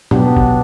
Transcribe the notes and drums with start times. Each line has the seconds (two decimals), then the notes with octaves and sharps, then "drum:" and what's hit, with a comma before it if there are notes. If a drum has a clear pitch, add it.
0.11 B2 F#3 B3 D4 G4, drum: tom
0.37 drum: kick G1